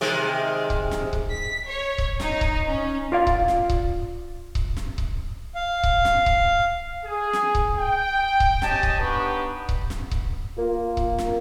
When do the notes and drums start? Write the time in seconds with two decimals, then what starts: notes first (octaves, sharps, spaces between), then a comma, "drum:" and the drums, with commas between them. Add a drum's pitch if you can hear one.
0.01 C3 D#3 G#3
0.70 drum: kick C#1
0.91 drum: snare
1.13 drum: kick C#1
1.31 B6
1.67 C#5
1.98 drum: kick C#1
2.20 D#4, drum: snare
2.41 drum: kick C#1
2.65 C#4
3.12 F4 D5 F5
3.27 drum: kick C#1
3.48 drum: snare
3.69 drum: kick C#1
4.55 drum: kick C#1
4.76 drum: snare
4.98 drum: kick C#1
5.55 F5
5.83 drum: kick C#1
6.05 drum: snare
6.26 drum: kick C#1
7.05 G#4
7.33 drum: snare
7.55 drum: kick C#1
7.78 G5
8.40 drum: kick C#1
8.62 G4 C#5 D#5 G#5 A5, drum: snare
8.83 drum: kick C#1
8.99 B3 D4 D#4 G4 B4 C#6
9.69 drum: kick C#1
9.90 drum: snare
10.11 drum: kick C#1
10.58 A#3 F4
10.97 drum: kick C#1
11.18 drum: snare